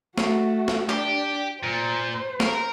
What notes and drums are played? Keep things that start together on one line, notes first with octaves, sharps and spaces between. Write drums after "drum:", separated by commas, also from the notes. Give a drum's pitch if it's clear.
A3 F#4, drum: snare
drum: snare
D4 G4, drum: clap
A#2 C5
A#4, drum: snare